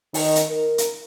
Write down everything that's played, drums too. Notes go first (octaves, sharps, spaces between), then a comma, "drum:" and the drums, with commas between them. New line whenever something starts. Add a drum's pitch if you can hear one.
D#3, drum: open hi-hat
drum: hi-hat
A#4
drum: hi-hat